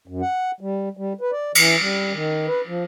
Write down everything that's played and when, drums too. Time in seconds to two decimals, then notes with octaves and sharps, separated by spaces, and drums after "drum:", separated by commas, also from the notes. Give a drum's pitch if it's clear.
0.08 F#2
0.22 F#5
0.61 G3
0.97 G3
1.21 B4
1.32 D5
1.55 E3, drum: cymbal
1.81 G3
2.13 D#3
2.47 B4
2.67 F3